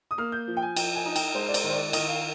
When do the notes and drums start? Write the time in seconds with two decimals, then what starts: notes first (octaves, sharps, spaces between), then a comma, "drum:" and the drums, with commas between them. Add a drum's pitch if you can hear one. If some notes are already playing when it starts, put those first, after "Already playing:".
0.11 D#6
0.18 A#3 F6
0.32 G6
0.48 F3
0.57 G5
0.62 G#5
0.76 F3 G5, drum: cymbal
0.95 G#5
1.06 D#4
1.16 G5, drum: cymbal
1.35 G#3 C5
1.48 D5
1.54 C5, drum: cymbal
1.64 D#3
1.69 C5
1.73 D5
1.93 D#3 D#5, drum: cymbal
2.08 F5